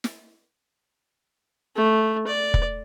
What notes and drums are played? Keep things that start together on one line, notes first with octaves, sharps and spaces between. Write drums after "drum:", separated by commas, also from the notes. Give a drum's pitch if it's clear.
drum: snare
A3
D5
drum: kick